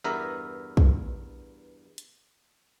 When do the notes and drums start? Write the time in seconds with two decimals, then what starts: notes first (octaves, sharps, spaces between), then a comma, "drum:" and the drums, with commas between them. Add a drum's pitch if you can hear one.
0.04 E2 G2 B3 A#4 E5 A#5
0.77 drum: kick
1.98 drum: hi-hat